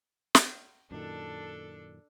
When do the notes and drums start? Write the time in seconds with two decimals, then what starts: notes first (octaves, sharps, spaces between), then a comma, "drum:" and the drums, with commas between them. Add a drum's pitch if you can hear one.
0.35 drum: snare
0.91 F#2 A#2 D#3 D4 A4